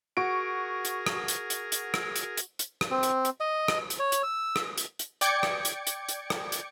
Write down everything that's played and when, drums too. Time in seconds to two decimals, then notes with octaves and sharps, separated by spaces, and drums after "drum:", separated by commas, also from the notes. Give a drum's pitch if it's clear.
0.17 F#4 G#4 A#4 C#6 D7
0.85 drum: hi-hat
1.06 drum: rim click
1.28 drum: hi-hat
1.50 drum: hi-hat
1.72 drum: hi-hat
1.94 drum: rim click
2.16 drum: hi-hat
2.37 drum: hi-hat
2.59 drum: hi-hat
2.81 drum: rim click
2.91 C4
3.03 drum: hi-hat
3.25 drum: hi-hat
3.40 D#5
3.68 drum: rim click
3.90 drum: hi-hat
3.99 C#5
4.12 drum: hi-hat
4.23 E6
4.56 drum: rim click
4.78 drum: hi-hat
4.99 drum: hi-hat
5.21 D5 G5 D6 G#6 C#7, drum: hi-hat
5.43 drum: rim click
5.65 drum: hi-hat
5.87 drum: hi-hat
6.09 drum: hi-hat
6.30 drum: rim click
6.52 drum: hi-hat